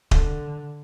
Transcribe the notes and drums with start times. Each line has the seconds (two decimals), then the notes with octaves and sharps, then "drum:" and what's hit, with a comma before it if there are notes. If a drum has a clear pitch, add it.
0.11 D3, drum: kick D#1